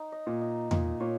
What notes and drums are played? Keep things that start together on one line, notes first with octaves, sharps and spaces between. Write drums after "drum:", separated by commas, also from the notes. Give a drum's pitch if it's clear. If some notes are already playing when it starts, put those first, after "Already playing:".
Already playing: D#4
D#5
A#2
D#4
A#2 D#4, drum: tom E2
A#2 C#5